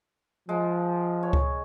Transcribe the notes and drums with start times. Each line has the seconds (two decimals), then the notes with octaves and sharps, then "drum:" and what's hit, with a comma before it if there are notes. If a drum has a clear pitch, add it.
0.49 F3 G#3
1.23 C#5
1.33 drum: kick C#2